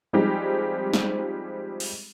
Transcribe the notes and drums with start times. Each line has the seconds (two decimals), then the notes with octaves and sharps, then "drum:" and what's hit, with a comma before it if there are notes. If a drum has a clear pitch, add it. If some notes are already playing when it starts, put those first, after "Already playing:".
0.13 F3 G3 G#3 C4 D#4 G4
0.94 drum: snare
1.80 drum: open hi-hat